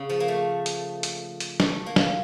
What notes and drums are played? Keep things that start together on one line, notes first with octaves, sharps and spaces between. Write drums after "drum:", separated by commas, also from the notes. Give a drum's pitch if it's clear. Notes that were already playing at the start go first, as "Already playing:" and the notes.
Already playing: C#3
F3
A#3
A3
drum: hi-hat
drum: hi-hat
drum: hi-hat
A3, drum: snare
A#3
drum: snare